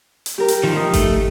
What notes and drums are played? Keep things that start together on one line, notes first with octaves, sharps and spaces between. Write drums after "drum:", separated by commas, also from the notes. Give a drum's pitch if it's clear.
drum: hi-hat
G4 A#4
drum: hi-hat
D#3 F3
D#4
A3, drum: kick G#1, hi-hat